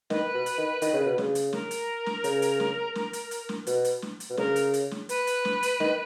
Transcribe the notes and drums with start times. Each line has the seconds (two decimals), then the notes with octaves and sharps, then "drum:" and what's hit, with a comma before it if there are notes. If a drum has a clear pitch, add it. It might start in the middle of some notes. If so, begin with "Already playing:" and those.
0.10 D#3 B4, drum: snare
0.34 B2
0.46 drum: hi-hat
0.58 D#3
0.82 D#3, drum: hi-hat
0.94 C#3
1.06 B2
1.18 C#3, drum: snare
1.35 drum: hi-hat
1.53 A#4, drum: snare
1.71 drum: hi-hat
2.06 drum: snare
2.24 C#3, drum: hi-hat
2.42 drum: hi-hat
2.60 drum: snare
2.95 drum: snare
3.13 drum: hi-hat
3.31 drum: hi-hat
3.49 drum: snare
3.67 B2, drum: hi-hat
3.84 drum: hi-hat
4.02 drum: snare
4.20 drum: hi-hat
4.30 B2
4.37 C#3 A#4, drum: snare
4.56 drum: hi-hat
4.74 drum: hi-hat
4.91 drum: snare
5.09 B4, drum: hi-hat
5.27 drum: hi-hat
5.45 drum: snare
5.63 drum: hi-hat
5.80 D#3, drum: snare